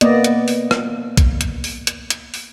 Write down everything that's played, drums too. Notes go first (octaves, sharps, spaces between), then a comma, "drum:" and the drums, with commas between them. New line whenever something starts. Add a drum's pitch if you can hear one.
A#3 B3 D5 D#5, drum: hi-hat
drum: hi-hat
drum: open hi-hat
drum: rim click
drum: kick B1, hi-hat
drum: hi-hat
drum: open hi-hat
drum: hi-hat
drum: hi-hat
drum: open hi-hat